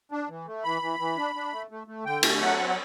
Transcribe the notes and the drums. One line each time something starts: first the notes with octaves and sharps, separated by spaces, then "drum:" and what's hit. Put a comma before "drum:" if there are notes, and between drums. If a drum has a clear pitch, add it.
D4
E3
A3
E3 B5
E3
E3
D4
D4
A3
A3
A3
D3 G5
A3, drum: cymbal
F#3 F#5
C4
F#5